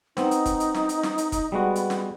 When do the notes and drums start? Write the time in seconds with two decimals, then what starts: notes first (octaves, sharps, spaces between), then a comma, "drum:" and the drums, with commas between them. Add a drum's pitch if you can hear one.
0.17 B3 C4 D#4, drum: snare
0.31 drum: hi-hat
0.46 drum: kick, hi-hat
0.60 drum: hi-hat
0.74 drum: snare
0.89 drum: hi-hat
1.03 drum: snare
1.18 drum: hi-hat
1.32 drum: kick, hi-hat
1.52 G3 G#3 B3 F#4
1.75 drum: hi-hat
1.90 drum: snare